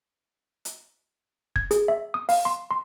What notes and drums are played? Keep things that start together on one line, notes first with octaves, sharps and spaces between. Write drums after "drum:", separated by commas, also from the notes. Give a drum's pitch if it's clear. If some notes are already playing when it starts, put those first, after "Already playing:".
drum: hi-hat
G#6, drum: kick
G#4, drum: hi-hat
E5
D#6
F5, drum: open hi-hat
C6
C6